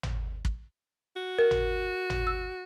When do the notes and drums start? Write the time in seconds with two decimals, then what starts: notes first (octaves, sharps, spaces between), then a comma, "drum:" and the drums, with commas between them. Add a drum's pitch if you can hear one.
0.03 drum: tom
0.45 drum: kick
1.16 F#4
1.39 A#4
1.51 drum: tom
2.10 drum: tom
2.27 E6